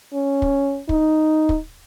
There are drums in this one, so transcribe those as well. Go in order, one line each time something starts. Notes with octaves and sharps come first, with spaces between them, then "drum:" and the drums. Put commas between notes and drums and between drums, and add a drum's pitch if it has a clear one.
C#4
drum: kick
D#4, drum: kick
drum: kick